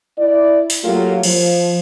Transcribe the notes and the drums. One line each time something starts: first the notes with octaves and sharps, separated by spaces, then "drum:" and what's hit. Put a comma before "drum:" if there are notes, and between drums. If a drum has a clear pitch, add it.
E4 D5
drum: open hi-hat
F#3 A3 A#3 F4 G4 A#4
F3, drum: cymbal